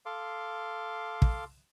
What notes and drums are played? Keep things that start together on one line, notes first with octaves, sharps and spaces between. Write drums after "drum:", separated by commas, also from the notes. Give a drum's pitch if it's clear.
A4 F5 C6 D6
drum: kick